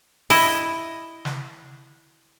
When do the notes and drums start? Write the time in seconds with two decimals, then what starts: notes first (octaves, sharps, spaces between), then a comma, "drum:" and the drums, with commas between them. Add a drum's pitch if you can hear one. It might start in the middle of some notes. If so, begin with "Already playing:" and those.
0.30 E4 D#5, drum: open hi-hat
1.25 drum: snare